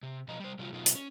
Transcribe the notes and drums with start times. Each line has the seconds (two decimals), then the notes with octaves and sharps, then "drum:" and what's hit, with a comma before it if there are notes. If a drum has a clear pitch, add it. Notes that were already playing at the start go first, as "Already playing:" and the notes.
0.03 C3
0.28 B2 F3 D#5 A#5
0.40 G3 C5
0.59 C3 F#3 G3 F4
0.73 B2 F#3 D#4 F4
0.86 drum: hi-hat
0.95 C#4